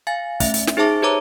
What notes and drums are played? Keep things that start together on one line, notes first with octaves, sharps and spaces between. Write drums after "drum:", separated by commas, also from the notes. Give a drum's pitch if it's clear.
F5 G#5 A6
A3 C#4 E5, drum: kick, hi-hat
drum: hi-hat
drum: snare
D#4 G#4 C5 E5 A5 D6
G4 B4 C#5 A#5 D6